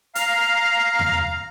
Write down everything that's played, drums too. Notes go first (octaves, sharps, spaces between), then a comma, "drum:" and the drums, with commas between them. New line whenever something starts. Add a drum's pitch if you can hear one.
F5 A#5 F6, drum: hi-hat
drum: tom E2